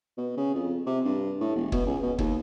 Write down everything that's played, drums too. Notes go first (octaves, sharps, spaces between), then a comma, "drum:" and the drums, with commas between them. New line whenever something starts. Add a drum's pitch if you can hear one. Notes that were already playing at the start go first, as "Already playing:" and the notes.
B2
C#3
F2
C3
G2
A2
E1
B2, drum: kick
C#2
B2
D#2, drum: kick